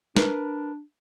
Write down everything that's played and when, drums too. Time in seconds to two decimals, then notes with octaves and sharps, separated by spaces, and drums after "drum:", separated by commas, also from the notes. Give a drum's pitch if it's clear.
0.17 D4 A#4 B4, drum: snare